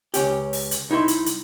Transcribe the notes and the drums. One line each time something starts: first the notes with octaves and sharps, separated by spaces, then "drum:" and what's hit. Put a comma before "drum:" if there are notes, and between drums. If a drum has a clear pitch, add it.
C#2 C#4 G4, drum: hi-hat
drum: open hi-hat
drum: hi-hat
C2 D#4 E4 E5 C6
drum: hi-hat
drum: hi-hat